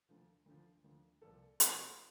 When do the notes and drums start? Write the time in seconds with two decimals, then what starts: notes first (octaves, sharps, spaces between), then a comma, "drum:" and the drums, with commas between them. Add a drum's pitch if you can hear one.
0.09 D2 D3 F3
0.46 D2 D3 F3
0.84 D2 D3 F3
1.22 C2 A#2 F3 A4
1.60 C2 A#2 F3, drum: hi-hat